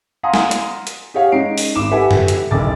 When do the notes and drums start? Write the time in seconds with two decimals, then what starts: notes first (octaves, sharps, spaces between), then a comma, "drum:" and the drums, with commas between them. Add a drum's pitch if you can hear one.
0.23 F5 F#5 G#5 A#5 C6 D#6
0.34 drum: snare
0.51 drum: hi-hat
0.87 drum: hi-hat
1.14 G4 G#4 C#5 F5 F#5
1.32 G#3 C#4 D#4 C7 D7
1.58 drum: open hi-hat
1.75 G#1 D#4 D6 E7
1.91 G4 A4 B4 E5 F#5 G#5
2.11 drum: tom F#2
2.28 drum: hi-hat
2.51 F#1 B1 D6 A6